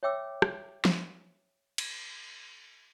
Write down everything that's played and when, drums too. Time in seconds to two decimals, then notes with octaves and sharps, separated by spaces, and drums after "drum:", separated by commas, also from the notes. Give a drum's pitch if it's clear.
0.03 C#5 E5 G5 D6 E6
0.42 drum: rim click
0.85 drum: snare
1.78 drum: cymbal